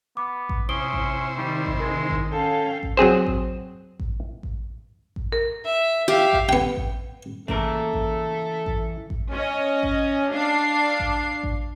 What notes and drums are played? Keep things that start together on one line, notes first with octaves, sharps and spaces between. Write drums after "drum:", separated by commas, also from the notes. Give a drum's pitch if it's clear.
B3 D6
drum: kick A1
C3 C#4 E4 C5 D#6 D7 G7
drum: kick A1
D#3 G3
drum: kick A1
G#3 A#4
drum: kick A1
C#4 A4 F5 G5
drum: kick A1
F#3 C4 G#4 C5
drum: kick A1
drum: kick A1
drum: kick A1
drum: kick A1
A#4
E5
G4 E5 F5
drum: kick A1
B3 G5
drum: kick A1
C#3 E3 A3 A#3 A4 A#4 E5, drum: kick A1
drum: kick A1
drum: kick A1
drum: kick A1
C#4 D#5
drum: kick A1
D4 F5 C7
drum: kick A1
drum: kick A1